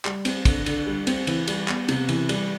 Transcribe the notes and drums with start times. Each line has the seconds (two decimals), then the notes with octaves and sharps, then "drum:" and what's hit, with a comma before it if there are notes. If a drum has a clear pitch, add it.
0.05 G3, drum: clap
0.25 C4, drum: cymbal
0.45 D3, drum: kick, cymbal
0.66 D3, drum: cymbal
0.86 G3
1.07 C4, drum: cymbal
1.27 E3, drum: cymbal
1.47 G3, drum: cymbal
1.68 B3, drum: clap
1.88 C3, drum: cymbal
2.09 E3, drum: cymbal
2.29 G3, drum: cymbal